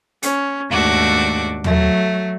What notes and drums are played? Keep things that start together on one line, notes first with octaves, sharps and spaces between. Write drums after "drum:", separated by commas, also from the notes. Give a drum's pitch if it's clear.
C#4, drum: hi-hat
D#2 G#2 A3 D4 F#4 D6
F#3 A3, drum: tom